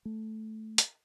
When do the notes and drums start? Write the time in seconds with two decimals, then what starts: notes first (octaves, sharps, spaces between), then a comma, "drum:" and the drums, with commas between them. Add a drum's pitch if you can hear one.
0.05 A3
0.78 drum: hi-hat